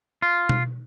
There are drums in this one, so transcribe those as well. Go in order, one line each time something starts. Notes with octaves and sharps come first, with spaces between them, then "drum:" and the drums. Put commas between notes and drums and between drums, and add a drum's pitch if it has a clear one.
F4
drum: tom B2